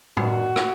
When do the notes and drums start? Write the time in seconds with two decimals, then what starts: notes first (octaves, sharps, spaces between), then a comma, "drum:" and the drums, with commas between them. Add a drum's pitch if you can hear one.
0.17 G2 D#3 F#4, drum: tom A2
0.56 drum: rim click